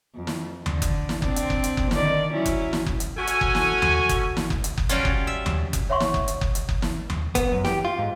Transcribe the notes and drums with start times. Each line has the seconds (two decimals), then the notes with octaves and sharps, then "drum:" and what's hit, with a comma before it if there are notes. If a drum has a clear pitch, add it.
0.15 F2
0.27 drum: snare
0.66 D3, drum: tom D#2
0.82 drum: kick F#1, hi-hat
1.09 drum: snare
1.22 C4 D4, drum: kick F#1
1.36 drum: hi-hat
1.50 drum: kick F#1
1.64 drum: hi-hat
1.77 drum: kick F#1
1.91 D3 D#3 D5, drum: snare
2.33 F#3 C#4 E4
2.45 drum: kick F#1, hi-hat
2.73 drum: snare
2.86 drum: kick F#1
3.00 drum: hi-hat
3.17 C#4 F#4 A4 G#5
3.27 drum: hi-hat
3.41 drum: kick F#1
3.55 drum: snare
3.82 drum: tom D#2
4.09 drum: kick F#1, hi-hat
4.37 drum: snare
4.50 drum: kick F#1
4.64 drum: hi-hat
4.78 drum: kick F#1
4.89 F#3 G3 C#4 F4, drum: hi-hat
5.05 drum: kick F#1
5.27 E5
5.46 drum: tom D#2
5.73 drum: kick F#1, hi-hat
5.90 C#5 E5 F#5 C6 C#6
6.00 drum: snare
6.14 drum: kick F#1
6.28 drum: hi-hat
6.41 drum: kick F#1
6.55 drum: hi-hat
6.69 drum: kick F#1
6.82 drum: snare
7.10 drum: tom D#2
7.35 B3, drum: kick F#1, hi-hat
7.52 F#2
7.65 G4, drum: snare
7.85 F4
7.99 G#2